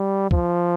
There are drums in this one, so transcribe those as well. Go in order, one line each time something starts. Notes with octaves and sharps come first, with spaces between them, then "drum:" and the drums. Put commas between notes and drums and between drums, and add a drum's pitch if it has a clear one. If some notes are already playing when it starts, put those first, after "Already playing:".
Already playing: G3
F3, drum: kick